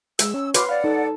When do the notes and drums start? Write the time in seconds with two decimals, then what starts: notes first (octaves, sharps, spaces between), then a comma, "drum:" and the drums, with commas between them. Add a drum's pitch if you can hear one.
0.19 G#3 E6, drum: hi-hat
0.34 C#4
0.54 F#4 B4 C#5 C6 D6 F6, drum: hi-hat
0.69 D5 F5 F#5
0.84 D#4 A4